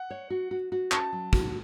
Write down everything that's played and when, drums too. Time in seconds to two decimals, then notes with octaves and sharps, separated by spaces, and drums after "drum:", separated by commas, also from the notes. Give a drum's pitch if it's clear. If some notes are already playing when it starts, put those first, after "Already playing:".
Already playing: F#5
0.10 C#5
0.30 F#4
0.51 F#4
0.72 F#4
0.91 C#4 A5, drum: clap
1.13 F#3
1.33 F#4, drum: kick